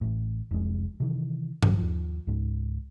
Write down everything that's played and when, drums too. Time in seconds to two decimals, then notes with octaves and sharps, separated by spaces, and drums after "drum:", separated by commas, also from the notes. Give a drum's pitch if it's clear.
0.01 A1 A2
0.51 F1 C2 F2 G#3
1.00 C3 D#3 E3
1.63 D1 A1 C#3 F#3, drum: tom G2
1.78 D#2 F3
2.27 C#2 G#2